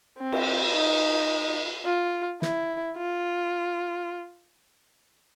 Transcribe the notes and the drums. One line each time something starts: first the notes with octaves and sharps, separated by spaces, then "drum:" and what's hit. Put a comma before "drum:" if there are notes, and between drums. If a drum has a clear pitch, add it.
C4
drum: cymbal
D#4
F4
E4, drum: snare
F4